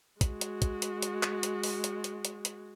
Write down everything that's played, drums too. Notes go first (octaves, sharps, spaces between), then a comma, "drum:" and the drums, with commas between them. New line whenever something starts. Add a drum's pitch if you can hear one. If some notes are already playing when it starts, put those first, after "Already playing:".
G#3 F#4, drum: kick, hi-hat
drum: hi-hat
drum: kick, hi-hat
drum: hi-hat
drum: hi-hat
drum: clap
drum: hi-hat
drum: open hi-hat
drum: hi-hat
drum: hi-hat
drum: hi-hat
drum: hi-hat